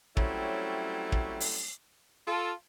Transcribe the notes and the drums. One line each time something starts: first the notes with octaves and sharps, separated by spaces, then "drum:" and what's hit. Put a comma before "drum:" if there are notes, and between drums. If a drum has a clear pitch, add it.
F#3 G3 A3 C4 C#4 E4, drum: kick
drum: kick
drum: open hi-hat
F4 A4